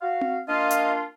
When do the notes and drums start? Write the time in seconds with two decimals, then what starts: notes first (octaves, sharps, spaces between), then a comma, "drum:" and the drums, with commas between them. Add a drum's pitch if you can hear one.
0.02 F#4 F5
0.21 drum: tom C4
0.48 A#3 D4 F4 D#5 F5
0.70 drum: hi-hat